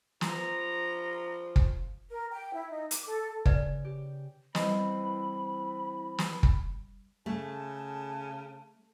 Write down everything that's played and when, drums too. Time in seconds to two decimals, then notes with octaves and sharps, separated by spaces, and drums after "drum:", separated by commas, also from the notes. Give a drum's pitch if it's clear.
0.21 F3 A#5, drum: snare
1.56 drum: kick
2.10 A#4
2.31 G5
2.54 E4
2.70 D#4
2.91 D6, drum: hi-hat
3.07 A4
3.46 C#3 B4 D5, drum: kick
3.85 G4
4.55 E3 G3 C4 D#5 B5, drum: snare
6.18 drum: snare
6.43 drum: kick
7.26 C#3 A3 A5